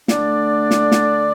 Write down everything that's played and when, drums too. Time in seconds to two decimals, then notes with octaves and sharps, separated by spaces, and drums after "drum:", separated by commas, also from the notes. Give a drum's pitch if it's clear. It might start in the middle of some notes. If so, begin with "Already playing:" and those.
0.08 D3 A3 D4 D5, drum: snare
0.71 drum: snare
0.92 drum: snare